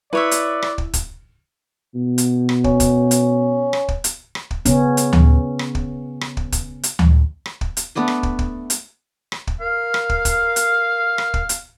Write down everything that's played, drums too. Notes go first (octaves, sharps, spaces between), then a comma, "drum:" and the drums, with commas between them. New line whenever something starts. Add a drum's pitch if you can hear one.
E4 B4 C#5 D5 E5
drum: hi-hat
drum: rim click
drum: kick
drum: kick, hi-hat
B2
drum: hi-hat
drum: rim click
C#4, drum: kick
drum: kick, hi-hat
drum: hi-hat
drum: rim click
drum: kick
drum: hi-hat
drum: rim click
drum: kick
C#3 B3 C#4, drum: kick, hi-hat
drum: hi-hat
drum: tom D2
drum: rim click
drum: kick
drum: rim click
drum: kick
drum: kick, hi-hat
drum: hi-hat
drum: tom D2
drum: rim click
drum: kick
drum: hi-hat
A3 B3 D4 B4
drum: rim click
drum: kick
drum: kick
drum: hi-hat
drum: rim click
drum: kick
A#4 F5
drum: rim click
drum: kick
drum: kick, hi-hat
drum: hi-hat
drum: rim click
drum: kick
drum: hi-hat